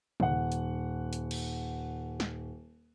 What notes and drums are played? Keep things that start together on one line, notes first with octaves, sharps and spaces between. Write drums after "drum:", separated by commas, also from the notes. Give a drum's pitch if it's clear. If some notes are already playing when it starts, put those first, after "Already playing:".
D#1 F#5, drum: tom
drum: hi-hat
drum: hi-hat
drum: cymbal
drum: snare